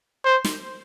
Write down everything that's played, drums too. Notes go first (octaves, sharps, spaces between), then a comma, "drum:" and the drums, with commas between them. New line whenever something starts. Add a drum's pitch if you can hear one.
C5
drum: snare